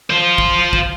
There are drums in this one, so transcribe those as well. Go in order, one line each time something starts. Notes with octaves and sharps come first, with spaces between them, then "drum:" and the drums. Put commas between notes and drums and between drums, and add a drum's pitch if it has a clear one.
F4 C5
drum: kick
drum: kick